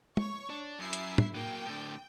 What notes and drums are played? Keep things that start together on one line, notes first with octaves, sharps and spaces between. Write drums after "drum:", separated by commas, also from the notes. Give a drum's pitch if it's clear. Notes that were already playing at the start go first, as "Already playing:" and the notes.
C#5 C#6, drum: tom
D4
F#2 E4 E5 C7
drum: hi-hat
drum: tom
F#3 A#3 G5
A2 D3